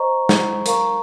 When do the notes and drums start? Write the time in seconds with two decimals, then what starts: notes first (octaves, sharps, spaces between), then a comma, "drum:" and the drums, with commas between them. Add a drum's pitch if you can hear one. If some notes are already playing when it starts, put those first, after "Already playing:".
Already playing: C5 D#5 A#5 C#6
0.29 drum: snare
0.66 A#4 F5 A#5 C#6, drum: hi-hat